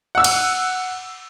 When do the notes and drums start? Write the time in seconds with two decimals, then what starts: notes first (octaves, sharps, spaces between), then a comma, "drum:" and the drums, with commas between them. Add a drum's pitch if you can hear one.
0.15 F#5 E6
0.24 drum: cymbal